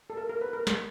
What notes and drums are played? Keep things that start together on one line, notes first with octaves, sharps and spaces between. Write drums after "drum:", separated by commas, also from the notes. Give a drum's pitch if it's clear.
A4
A#4
A#4
B4
A#4
drum: snare